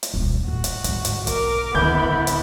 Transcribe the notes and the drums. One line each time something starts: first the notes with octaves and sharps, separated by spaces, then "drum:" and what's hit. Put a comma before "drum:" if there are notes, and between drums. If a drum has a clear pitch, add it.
drum: hi-hat
D#1 C2
A2 F#4
drum: hi-hat
G#2 D3, drum: hi-hat
drum: hi-hat
B1 A#4 D6, drum: hi-hat
D1 F2 D#3 B3 E4 G6
D3
drum: hi-hat